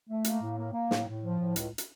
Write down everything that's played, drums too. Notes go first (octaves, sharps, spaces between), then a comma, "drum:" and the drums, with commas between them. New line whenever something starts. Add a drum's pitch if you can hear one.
A3
A#3, drum: hi-hat
A2
A#3
A#3
A2, drum: snare
A2
F3
A2
C#2, drum: hi-hat
drum: hi-hat